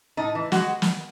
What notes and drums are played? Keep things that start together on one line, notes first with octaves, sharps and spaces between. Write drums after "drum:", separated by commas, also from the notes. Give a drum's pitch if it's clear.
A2 D#4
E3
G#3 F#4, drum: snare
drum: snare